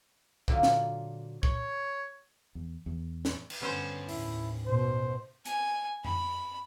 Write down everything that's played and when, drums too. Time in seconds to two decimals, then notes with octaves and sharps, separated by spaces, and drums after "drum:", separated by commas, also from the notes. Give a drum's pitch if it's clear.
0.48 A#2 D3 F#3 F4, drum: kick
0.63 drum: snare
1.43 C#5, drum: kick
2.55 E2
2.86 E2
3.25 drum: snare
3.50 drum: cymbal
3.61 G2 D3 B3 C#4 C5
4.09 D#2 A2 E4, drum: open hi-hat
4.67 B2 C5
5.46 G#5, drum: hi-hat
6.05 B5, drum: tom F2